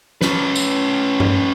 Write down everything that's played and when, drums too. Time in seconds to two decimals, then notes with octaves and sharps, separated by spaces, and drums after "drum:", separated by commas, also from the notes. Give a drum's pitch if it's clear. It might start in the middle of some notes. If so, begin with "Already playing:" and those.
0.22 C#4 B4, drum: snare
0.56 drum: tambourine
1.20 drum: tom G2